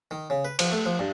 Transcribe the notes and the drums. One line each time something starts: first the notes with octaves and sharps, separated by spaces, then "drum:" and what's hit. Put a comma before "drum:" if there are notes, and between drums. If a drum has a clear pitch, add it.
D#3
C#3
B4
F3, drum: cymbal
A3
F3
G2